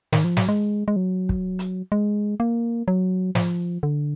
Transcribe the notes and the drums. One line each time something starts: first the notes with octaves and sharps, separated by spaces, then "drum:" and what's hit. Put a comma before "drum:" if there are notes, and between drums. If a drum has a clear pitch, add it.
D#3, drum: snare
F3
F#3, drum: snare
G#3
G#3
F#3
drum: kick
drum: hi-hat
G#3
A#3
F#3
F3, drum: snare
D3